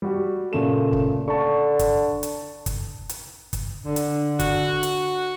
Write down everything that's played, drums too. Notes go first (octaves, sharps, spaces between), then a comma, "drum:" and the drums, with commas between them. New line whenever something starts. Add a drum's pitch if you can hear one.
G3 F#4 G4
A#2 C#3 A3 E7
drum: kick
D3 A5 C#6
drum: kick, hi-hat
drum: hi-hat
drum: kick, hi-hat
drum: hi-hat
drum: kick, hi-hat
D3
drum: hi-hat
F#4, drum: kick, hi-hat
drum: hi-hat